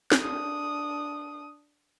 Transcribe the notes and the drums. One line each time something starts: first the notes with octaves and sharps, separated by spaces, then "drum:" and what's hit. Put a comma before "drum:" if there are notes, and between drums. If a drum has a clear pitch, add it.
drum: snare
D4 D#6